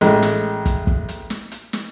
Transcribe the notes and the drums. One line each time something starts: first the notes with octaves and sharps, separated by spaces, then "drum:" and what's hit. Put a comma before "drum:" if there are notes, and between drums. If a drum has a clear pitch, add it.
A1 G#3, drum: hi-hat
drum: snare
drum: kick, hi-hat
drum: kick
drum: hi-hat
drum: snare
drum: hi-hat
drum: snare